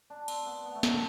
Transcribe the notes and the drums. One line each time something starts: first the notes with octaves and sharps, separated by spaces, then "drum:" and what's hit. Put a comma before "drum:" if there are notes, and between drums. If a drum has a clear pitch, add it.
D4
C4, drum: cymbal
B3
B3
A3
A#3, drum: snare